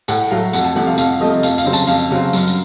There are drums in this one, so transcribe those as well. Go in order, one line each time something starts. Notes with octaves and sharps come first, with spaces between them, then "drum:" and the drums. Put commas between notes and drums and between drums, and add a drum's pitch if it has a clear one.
A2 F#5, drum: tambourine
F#3 A3 F5
F2 F#5, drum: tambourine
A5
C3 F3 A3 F#5
F5
F2 F5, drum: tambourine
C3 F3 A3 D#5
F2 F5, drum: tambourine
F5, drum: tambourine
C#3 F#3 C4
A5, drum: tambourine
F2 F5, drum: tambourine
C#3 F#3 C4
F#2, drum: tambourine
drum: tambourine